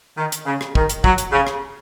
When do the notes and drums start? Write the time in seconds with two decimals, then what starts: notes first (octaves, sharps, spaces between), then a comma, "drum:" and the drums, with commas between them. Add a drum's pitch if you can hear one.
0.17 D#3
0.32 drum: hi-hat
0.46 C#3
0.61 drum: rim click
0.75 D#3, drum: kick
0.89 drum: hi-hat
1.04 F#3, drum: kick
1.18 drum: hi-hat
1.32 C#3
1.47 drum: rim click